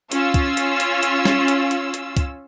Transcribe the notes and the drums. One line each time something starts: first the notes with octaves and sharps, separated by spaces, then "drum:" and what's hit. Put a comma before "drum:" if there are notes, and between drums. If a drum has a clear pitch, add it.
C#4 F4 E6, drum: hi-hat
drum: kick, hi-hat
drum: hi-hat
drum: hi-hat
drum: hi-hat
drum: snare
drum: hi-hat
drum: hi-hat
drum: hi-hat
drum: kick, hi-hat